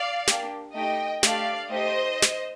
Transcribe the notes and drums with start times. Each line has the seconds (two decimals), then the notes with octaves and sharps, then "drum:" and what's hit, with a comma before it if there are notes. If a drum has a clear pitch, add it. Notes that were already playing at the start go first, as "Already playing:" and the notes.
Already playing: D5 F5
0.28 A#3 D4 G4, drum: snare
0.75 A3 D#4 G4 D#5 G5
1.23 A3 D4 G4 D5 F5, drum: snare
1.70 A3 D#4 G4 C5 D#5
2.22 drum: snare